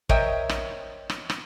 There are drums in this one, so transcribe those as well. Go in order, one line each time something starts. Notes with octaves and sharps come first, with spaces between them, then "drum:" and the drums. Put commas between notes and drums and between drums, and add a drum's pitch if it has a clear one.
A#4 C5 C#5 D#5 E5 G5, drum: kick
drum: rim click
drum: rim click
drum: rim click